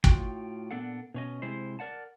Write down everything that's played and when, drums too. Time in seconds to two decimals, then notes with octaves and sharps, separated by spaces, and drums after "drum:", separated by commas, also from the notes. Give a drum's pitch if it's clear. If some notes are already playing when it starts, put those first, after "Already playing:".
0.04 A2 F4 F#4 G5, drum: kick
0.71 A#2 B3 D4 A4 F#5
1.14 B2 C#4 D#5
1.42 C3 G#3 E4 C5
1.79 A#4 D5 F#5 A5